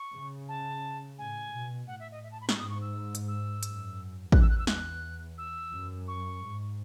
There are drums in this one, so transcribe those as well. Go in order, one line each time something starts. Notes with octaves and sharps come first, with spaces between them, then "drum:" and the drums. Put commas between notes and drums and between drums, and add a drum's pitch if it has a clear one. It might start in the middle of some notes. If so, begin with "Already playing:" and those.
Already playing: C#6
C#3
A5
A2 G#5
B2
A2 F#5
E5
D#5
E5
A5
B5
C#6, drum: snare
G#2 D#6
C#6
E6
drum: hi-hat
E6
F#2, drum: hi-hat
E2 F#6, drum: kick A1
E6
F#6
E6
F#6, drum: snare
E6
F#2
C#6
G#2